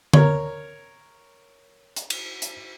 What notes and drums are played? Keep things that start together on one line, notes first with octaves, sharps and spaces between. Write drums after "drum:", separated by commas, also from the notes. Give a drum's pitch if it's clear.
A#4 C#5, drum: tom D3
drum: hi-hat
drum: cymbal
drum: hi-hat